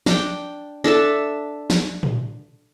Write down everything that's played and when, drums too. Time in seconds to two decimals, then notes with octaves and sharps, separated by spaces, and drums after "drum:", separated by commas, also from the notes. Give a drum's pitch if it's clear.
0.06 D4 G5, drum: snare
0.84 D4 A4 E5 A5
1.70 drum: snare
2.03 drum: tom